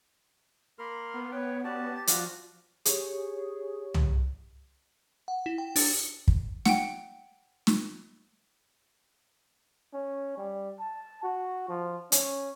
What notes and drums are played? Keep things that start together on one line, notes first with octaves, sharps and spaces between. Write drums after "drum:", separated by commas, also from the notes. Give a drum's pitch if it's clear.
A#3 A#4 B5 C6 F6
B3
B4 C#5 G5
C#4 F#4 G4 D5 A5
G4 A6
F3 F4 F#4 D5 F#6, drum: hi-hat
G4 G#4 C#5 C#6, drum: hi-hat
drum: tom
F#5
E4
G5
D4, drum: open hi-hat
drum: kick
F#5 G5, drum: snare
drum: snare
C#4
G3
A5
F#4
F3
C#4, drum: hi-hat